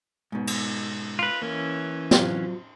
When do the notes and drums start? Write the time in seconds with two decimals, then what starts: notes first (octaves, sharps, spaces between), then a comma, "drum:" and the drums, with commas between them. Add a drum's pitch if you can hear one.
0.32 G#2 B2
0.47 drum: cymbal
1.19 F4 B4
1.42 E3 A#3 C#4
2.11 F#3 C4 F4, drum: snare